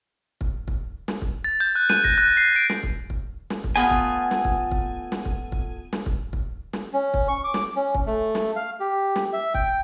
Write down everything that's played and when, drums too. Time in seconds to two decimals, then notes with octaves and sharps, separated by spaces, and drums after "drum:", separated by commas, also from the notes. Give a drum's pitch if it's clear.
0.41 drum: kick
0.68 drum: kick
1.08 drum: snare
1.21 drum: kick
1.44 A6
1.60 G6
1.76 F#6
1.89 D#7, drum: snare
2.04 A#6, drum: kick
2.18 F#6
2.37 C7
2.56 D7
2.70 drum: snare
2.83 drum: kick
3.10 drum: kick
3.50 drum: snare
3.64 drum: kick
3.76 A3 B3 F4 G#5
3.91 drum: kick
4.31 drum: snare
4.44 drum: kick
4.71 drum: kick
5.12 drum: snare
5.25 drum: kick
5.52 drum: kick
5.93 drum: snare
6.06 drum: kick
6.33 drum: kick
6.73 drum: snare
6.93 C#4
7.14 drum: kick
7.28 C#6
7.44 D6
7.54 drum: snare
7.76 C#4
7.94 drum: kick
8.06 A3
8.35 drum: snare
8.56 F5
8.80 G4
9.16 drum: snare
9.33 E5
9.54 G5, drum: kick